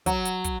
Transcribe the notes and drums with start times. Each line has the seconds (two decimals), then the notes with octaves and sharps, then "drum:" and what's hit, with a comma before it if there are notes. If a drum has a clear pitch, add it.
0.06 F#3, drum: kick, hi-hat
0.25 drum: hi-hat
0.44 drum: kick, hi-hat